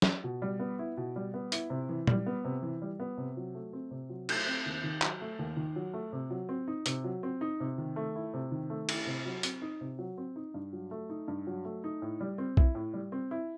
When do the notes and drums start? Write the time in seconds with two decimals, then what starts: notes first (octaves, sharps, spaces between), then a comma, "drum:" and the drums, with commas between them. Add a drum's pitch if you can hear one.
0.02 drum: snare
0.24 B2
0.42 G3
0.60 B3
0.79 E4
0.97 B2
1.16 G3
1.34 B3
1.52 E4, drum: hi-hat
1.70 C3
1.89 E3
2.07 G3, drum: tom
2.26 B3
2.45 C3
2.62 E3
2.82 G3
3.00 B3
3.18 C3
3.37 F#3
3.55 A3
3.73 C4
3.91 C3
4.10 F#3
4.29 A3, drum: cymbal
4.47 C4
4.66 D#2
4.84 D#3
5.02 F#3, drum: clap
5.21 A3
5.39 D#2
5.57 D#3
5.76 F#3
5.94 A3
6.13 C3
6.30 F#3
6.49 C4
6.68 D#4
6.86 C3, drum: hi-hat
7.04 F#3
7.23 C4
7.41 D#4
7.60 C3
7.78 D#3
7.96 A3
8.16 E4
8.34 C3
8.51 D#3
8.70 A3
8.89 E4, drum: cymbal
9.06 C3
9.26 F#3
9.43 C4, drum: hi-hat
9.62 D#4
9.81 C3
9.99 F#3
10.18 C4
10.36 D#4
10.54 G2
10.73 F#3
10.91 A3
11.10 D#4
11.28 G2
11.47 F#3
11.65 A3
11.84 D#4
12.02 A2
12.21 G3
12.38 C4
12.57 E4, drum: kick
12.75 A2
12.94 G3
13.12 C4
13.31 E4